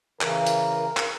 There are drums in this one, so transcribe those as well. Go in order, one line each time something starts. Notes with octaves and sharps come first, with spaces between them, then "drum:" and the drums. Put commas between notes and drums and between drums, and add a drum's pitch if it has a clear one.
C#3 E3 A#4, drum: clap
drum: hi-hat
drum: clap